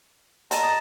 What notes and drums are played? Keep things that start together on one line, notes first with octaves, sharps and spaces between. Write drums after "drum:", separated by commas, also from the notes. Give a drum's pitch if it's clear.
A4 D5 D#5 A5 A#5 E7, drum: hi-hat
D#6 A6